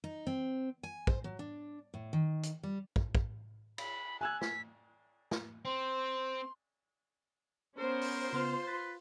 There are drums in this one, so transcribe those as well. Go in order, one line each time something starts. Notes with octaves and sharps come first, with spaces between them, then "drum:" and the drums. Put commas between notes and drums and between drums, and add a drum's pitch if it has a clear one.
D#4
C4
G#5
C5, drum: kick
F#3
D4
A2
D#3
drum: hi-hat
G3
drum: kick
drum: kick
B5, drum: cymbal
G#5 E6 F#6 G#6
B6, drum: snare
drum: snare
C4 C6
B3 C#4 A#4 C5
drum: open hi-hat
C#3 B3 F4 C6 F6
B4 A6